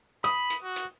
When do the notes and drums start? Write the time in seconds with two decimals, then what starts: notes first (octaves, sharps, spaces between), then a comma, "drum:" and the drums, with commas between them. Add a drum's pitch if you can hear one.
0.24 B5 D#6, drum: hi-hat
0.50 drum: hi-hat
0.63 F#4
0.76 drum: hi-hat